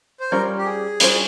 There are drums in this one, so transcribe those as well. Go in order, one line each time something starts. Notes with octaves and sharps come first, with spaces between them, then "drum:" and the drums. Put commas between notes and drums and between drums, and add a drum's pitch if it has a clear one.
C5
G3 C#4 F4 A#4 C5
G4
G#4
G3 C#4 F4 C5, drum: hi-hat